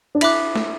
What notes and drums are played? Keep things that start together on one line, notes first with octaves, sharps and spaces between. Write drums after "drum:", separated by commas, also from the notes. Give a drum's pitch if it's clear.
D4
E4 E5 B5 D6 F#6, drum: cymbal
drum: snare